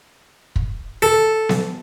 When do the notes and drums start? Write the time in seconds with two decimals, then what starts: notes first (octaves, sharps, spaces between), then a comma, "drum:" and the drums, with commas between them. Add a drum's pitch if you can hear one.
0.56 drum: kick
1.02 A4
1.49 drum: snare B3